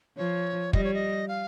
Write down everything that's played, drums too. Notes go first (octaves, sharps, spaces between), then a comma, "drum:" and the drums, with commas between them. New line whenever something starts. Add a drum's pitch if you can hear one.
F3 C#5
G3 D#5, drum: kick
C#5
D#5
F5